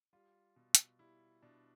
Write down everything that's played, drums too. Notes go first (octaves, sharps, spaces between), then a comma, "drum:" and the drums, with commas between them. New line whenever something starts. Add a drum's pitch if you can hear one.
G3 F4
B2
drum: hi-hat
G3 E4
B2 D4